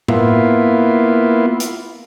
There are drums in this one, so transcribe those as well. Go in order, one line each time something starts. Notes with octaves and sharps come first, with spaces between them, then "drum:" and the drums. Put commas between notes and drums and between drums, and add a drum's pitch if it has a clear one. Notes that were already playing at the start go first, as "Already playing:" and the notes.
A#3 B3 E4 F4, drum: tom A2
drum: hi-hat